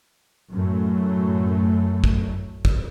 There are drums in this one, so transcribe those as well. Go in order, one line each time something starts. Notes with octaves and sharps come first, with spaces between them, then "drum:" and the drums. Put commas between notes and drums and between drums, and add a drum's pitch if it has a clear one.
F#2 A2 F#3 A3
drum: kick
drum: kick